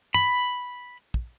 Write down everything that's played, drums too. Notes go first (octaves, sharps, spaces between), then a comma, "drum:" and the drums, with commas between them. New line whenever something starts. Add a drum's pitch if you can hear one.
B5, drum: tom
drum: kick